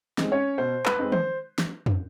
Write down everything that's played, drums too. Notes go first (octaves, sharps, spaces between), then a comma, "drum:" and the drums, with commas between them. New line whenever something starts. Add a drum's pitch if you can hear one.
G#3 C4 D#4, drum: snare
C#4 C#5
B2 C5
B4, drum: clap
G#3 C4 D#4
C5, drum: tom D#3
drum: snare
drum: tom